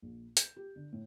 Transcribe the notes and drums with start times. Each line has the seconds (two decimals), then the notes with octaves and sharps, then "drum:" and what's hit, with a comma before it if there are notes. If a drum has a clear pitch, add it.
0.02 A#1
0.37 G6, drum: hi-hat
0.57 G4
0.76 D3
0.92 A2